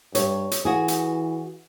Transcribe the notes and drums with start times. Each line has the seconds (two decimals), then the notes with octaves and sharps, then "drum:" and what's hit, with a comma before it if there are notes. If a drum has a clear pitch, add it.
0.15 G2 C#5, drum: hi-hat
0.51 drum: hi-hat
0.65 E3 F#4 G#4
0.88 drum: hi-hat